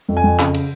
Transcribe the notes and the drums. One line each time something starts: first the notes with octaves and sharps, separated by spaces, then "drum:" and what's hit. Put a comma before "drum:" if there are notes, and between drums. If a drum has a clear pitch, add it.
F2
G#5
F2
C#3, drum: clap
drum: cymbal